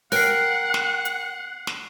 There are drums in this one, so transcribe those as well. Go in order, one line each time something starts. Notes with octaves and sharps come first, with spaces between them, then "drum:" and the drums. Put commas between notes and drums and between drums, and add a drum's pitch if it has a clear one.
A#4 F#5 G5 F#6 C7, drum: open hi-hat
drum: snare
drum: hi-hat
drum: snare